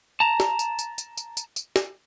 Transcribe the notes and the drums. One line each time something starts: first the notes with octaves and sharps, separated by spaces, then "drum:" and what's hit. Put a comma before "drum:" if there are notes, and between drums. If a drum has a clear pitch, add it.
A5 A#5
drum: snare
drum: tambourine
drum: tambourine
drum: tambourine
drum: tambourine
drum: tambourine
drum: tambourine
drum: snare